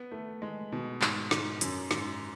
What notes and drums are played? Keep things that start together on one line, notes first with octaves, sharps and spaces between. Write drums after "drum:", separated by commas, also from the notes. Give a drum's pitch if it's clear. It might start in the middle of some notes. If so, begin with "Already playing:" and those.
Already playing: B3
A3
G#3
B2
G#2, drum: clap
G#2, drum: snare
F#2, drum: hi-hat
G#2, drum: snare